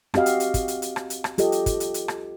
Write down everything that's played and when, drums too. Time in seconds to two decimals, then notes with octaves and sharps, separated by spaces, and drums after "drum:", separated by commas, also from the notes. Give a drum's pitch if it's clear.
0.14 C4 F#4 G4 D#5 F5, drum: rim click
0.26 drum: hi-hat
0.40 drum: hi-hat
0.54 drum: kick, hi-hat
0.68 drum: hi-hat
0.82 drum: hi-hat
0.96 drum: rim click
1.10 drum: hi-hat
1.24 drum: rim click
1.38 F4 G4 A4 D#5, drum: hi-hat
1.52 drum: hi-hat
1.66 drum: kick, hi-hat
1.80 drum: hi-hat
1.94 drum: hi-hat
2.08 drum: rim click